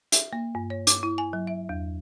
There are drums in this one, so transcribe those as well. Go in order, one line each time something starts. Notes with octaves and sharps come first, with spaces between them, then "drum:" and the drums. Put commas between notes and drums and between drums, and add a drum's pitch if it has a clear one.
E5, drum: hi-hat
A#3
G2
C#5
D6, drum: hi-hat
E4
G#5
F#3
E5
E2